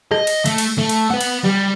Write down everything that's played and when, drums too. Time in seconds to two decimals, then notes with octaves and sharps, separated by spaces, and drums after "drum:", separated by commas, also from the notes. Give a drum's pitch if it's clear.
0.11 D#5, drum: rim click
0.27 drum: cymbal
0.46 A3, drum: cymbal
0.58 drum: cymbal
0.78 A3
0.89 drum: cymbal
1.11 B4 F#5
1.21 drum: cymbal
1.44 G3